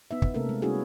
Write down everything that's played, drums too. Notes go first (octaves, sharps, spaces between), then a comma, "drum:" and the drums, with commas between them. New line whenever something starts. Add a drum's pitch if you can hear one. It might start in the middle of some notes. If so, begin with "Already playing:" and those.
B3 D#4 E5
drum: kick
C3 A3 A#3 C#4 A4 A#4
G#3
G3 B3 C#4 E4 F#4 G#4